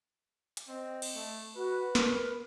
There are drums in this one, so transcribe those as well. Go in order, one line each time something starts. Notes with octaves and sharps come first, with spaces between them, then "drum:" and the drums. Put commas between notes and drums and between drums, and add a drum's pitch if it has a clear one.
drum: hi-hat
C4 D#5
drum: cymbal
A3
F#4 B4
A#4, drum: snare